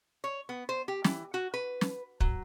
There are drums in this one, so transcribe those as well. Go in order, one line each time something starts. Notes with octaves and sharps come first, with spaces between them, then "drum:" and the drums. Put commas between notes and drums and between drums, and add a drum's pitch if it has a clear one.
C#5
B3
C5
G4
E3, drum: snare
F#4
B4
drum: snare
F#3, drum: kick